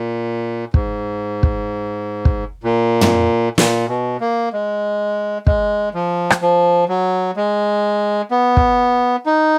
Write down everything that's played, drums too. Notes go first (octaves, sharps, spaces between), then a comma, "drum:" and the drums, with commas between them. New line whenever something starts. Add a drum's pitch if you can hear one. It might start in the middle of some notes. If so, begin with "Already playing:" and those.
Already playing: A#2
G#2, drum: kick
drum: kick
drum: kick
A#2
drum: tom
A#2, drum: snare
B2
A#3
G#3
G#3, drum: kick
F3
drum: rim click
F3
F#3
G#3
B3
drum: kick
D#4